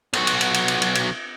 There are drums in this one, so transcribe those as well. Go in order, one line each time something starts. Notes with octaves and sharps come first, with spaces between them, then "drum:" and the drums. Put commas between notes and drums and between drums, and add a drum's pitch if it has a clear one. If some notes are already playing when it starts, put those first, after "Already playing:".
B1 F#4, drum: cymbal
drum: cymbal
drum: cymbal
drum: cymbal
drum: cymbal
drum: cymbal
drum: cymbal